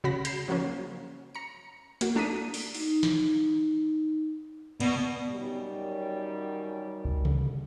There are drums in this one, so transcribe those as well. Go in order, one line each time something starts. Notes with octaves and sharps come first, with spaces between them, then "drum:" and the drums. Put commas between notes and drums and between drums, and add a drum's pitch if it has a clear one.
C#3 F#4 B5 A#6
A#5 G6 C7 E7, drum: hi-hat
C#3 F3 F#3 A#3 C#4
A#5 C#7
A#3 F#4, drum: hi-hat
A3 D4 A#5 D#6 B6 D#7
drum: open hi-hat
D#4, drum: open hi-hat
drum: snare
B2 D5, drum: cymbal
F#2 D#3 F#3 G3
drum: kick C#2
drum: tom C3